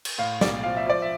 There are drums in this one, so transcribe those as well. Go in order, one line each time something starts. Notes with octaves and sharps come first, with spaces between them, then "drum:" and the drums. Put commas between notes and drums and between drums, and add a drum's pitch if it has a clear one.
drum: cymbal
A2 F5
B1 D5, drum: snare
F3 F5
E5
F3 D5
E5